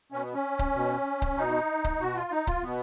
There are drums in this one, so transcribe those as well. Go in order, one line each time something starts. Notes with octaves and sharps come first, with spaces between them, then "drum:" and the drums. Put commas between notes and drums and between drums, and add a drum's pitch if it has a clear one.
B2 C#4
B3
C#4
drum: kick C#1
B2
drum: kick C#1
B2 D#4
drum: kick C#1
B2 F#4
F4
D#4
F4, drum: kick C#1
B2 B3